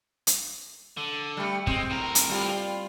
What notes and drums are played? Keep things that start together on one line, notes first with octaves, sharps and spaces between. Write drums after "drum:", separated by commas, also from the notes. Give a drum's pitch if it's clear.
drum: hi-hat
D3
G3 A3
G#3 C4, drum: kick
A2 A#4
drum: hi-hat
G3 F4